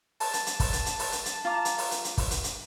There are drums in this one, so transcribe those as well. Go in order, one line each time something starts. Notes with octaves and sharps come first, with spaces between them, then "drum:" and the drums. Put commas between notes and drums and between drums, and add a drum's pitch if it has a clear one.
A5, drum: open hi-hat
drum: hi-hat
drum: hi-hat
drum: kick, open hi-hat
drum: hi-hat
drum: hi-hat
drum: open hi-hat
drum: hi-hat
drum: hi-hat
F4 A#5 D6
drum: hi-hat
drum: open hi-hat
drum: hi-hat
drum: hi-hat
drum: kick, open hi-hat
drum: hi-hat
drum: hi-hat